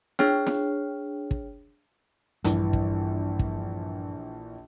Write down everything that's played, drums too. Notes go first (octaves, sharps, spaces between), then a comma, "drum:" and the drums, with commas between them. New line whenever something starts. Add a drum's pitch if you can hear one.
D4 G#4 C#5 G5 F6, drum: snare
drum: snare
drum: kick
A#1 G2 E3, drum: hi-hat
drum: kick
drum: kick